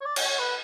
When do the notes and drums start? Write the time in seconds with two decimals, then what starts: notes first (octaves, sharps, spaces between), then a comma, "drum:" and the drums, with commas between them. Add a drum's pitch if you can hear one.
0.01 C#5
0.06 D5
0.16 C#5, drum: cymbal
0.28 C#5
0.39 B4